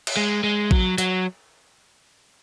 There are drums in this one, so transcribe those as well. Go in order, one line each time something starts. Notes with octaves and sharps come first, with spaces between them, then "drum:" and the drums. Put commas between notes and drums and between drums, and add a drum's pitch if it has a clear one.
drum: cymbal
G#3
G#3
F#3, drum: kick A1
F#3, drum: hi-hat